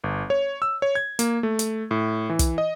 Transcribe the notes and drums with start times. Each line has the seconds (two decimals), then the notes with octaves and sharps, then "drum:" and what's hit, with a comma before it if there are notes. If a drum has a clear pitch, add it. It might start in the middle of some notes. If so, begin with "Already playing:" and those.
0.04 G1
0.30 C#5
0.62 E6
0.82 C#5
0.95 G#6
1.19 A#3, drum: hi-hat
1.43 A3
1.59 drum: hi-hat
1.91 A2
2.29 E3
2.39 drum: kick, hi-hat
2.58 D#5